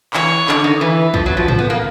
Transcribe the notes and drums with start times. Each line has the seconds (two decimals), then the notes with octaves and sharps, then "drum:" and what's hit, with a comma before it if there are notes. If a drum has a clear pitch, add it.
0.14 E3 C#5, drum: clap
0.48 D3, drum: clap
0.64 D#3
0.81 E3 B4
1.14 F3, drum: kick
1.26 F#3
1.37 F3
1.48 F3, drum: tom G#2
1.59 B3
1.70 A#3